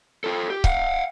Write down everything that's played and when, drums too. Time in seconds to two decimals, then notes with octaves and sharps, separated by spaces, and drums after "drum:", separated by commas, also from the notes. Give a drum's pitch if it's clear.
0.24 F4 A4
0.50 G4
0.64 F5 F#5, drum: kick C#1